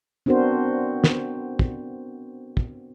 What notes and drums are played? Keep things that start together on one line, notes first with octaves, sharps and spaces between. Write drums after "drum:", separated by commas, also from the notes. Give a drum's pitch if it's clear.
B3 C4 D4 F#4 A#4 C5
drum: snare
drum: kick
drum: kick